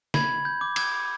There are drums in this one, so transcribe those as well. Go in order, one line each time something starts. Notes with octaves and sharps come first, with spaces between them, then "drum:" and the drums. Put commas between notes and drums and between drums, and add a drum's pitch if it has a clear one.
B5 G#6, drum: snare
G6
D6
G#6, drum: cymbal